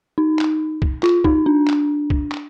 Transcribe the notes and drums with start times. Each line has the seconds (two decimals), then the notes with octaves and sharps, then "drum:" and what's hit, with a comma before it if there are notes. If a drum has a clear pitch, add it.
0.18 D#4
0.39 drum: clap
0.82 drum: kick
1.03 F4, drum: clap
1.24 D#4, drum: kick
1.46 D4
1.67 drum: clap
2.10 drum: kick
2.32 drum: clap